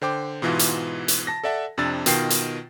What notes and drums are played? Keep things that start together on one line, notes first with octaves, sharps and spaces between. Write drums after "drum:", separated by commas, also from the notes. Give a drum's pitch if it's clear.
D3 C5 G5 D6
G#2 B2 E3 F4 F#4
drum: hi-hat
drum: hi-hat
A5 A#6
A4 D5 E5 F#5 A5
F2 C3 D4 E6 A6
B2 D#3 F4 G5 C7, drum: hi-hat
drum: hi-hat